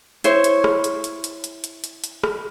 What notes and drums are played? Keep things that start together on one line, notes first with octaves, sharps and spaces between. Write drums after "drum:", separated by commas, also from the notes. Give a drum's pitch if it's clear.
E4 C5 C#5, drum: hi-hat
drum: hi-hat
drum: rim click
drum: hi-hat
drum: hi-hat
drum: hi-hat
drum: hi-hat
drum: hi-hat
drum: hi-hat
drum: hi-hat
drum: rim click